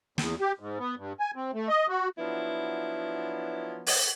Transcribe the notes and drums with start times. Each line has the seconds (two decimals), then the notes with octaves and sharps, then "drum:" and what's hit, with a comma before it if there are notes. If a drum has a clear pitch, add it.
0.18 E2, drum: snare
0.41 G4
0.60 G#2
0.79 B3
0.97 G2
1.20 G#5
1.36 C4
1.54 A3
1.69 D#5
1.89 F#4
2.18 F3 F#3 B3 D4 E4
3.87 drum: open hi-hat